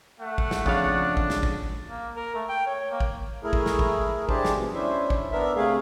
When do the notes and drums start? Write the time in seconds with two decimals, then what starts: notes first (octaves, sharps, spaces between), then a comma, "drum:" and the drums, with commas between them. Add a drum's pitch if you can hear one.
0.20 A3 F#5
0.38 drum: kick
0.51 drum: snare
0.66 F2 C#3 D4 F5, drum: kick
1.17 drum: kick
1.30 drum: snare
1.43 drum: kick
1.90 A#3
2.16 A#4
2.35 A3
2.49 G5
2.67 C#5
2.91 A#3
3.00 drum: kick
3.43 A3 E4 G#4 A#4
3.53 drum: kick
3.66 drum: snare
3.79 drum: kick
4.29 G#3 D4 G4 G#4 C5 A5, drum: kick
4.45 drum: snare
4.54 G2 B2
4.74 C#4 D4 E4 C5 E5
5.10 drum: kick
5.32 B3 D4 A#4 E5
5.56 C3 A3 G#4 F5